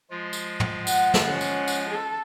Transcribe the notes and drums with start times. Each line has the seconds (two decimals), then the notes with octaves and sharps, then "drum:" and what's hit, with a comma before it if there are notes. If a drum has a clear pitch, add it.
0.10 F3 G#3 F4
0.33 drum: tambourine
0.60 drum: tom
0.87 F#5, drum: tambourine
1.14 drum: snare
1.24 C#4 F#5
1.41 drum: tambourine
1.68 drum: tambourine
1.89 A4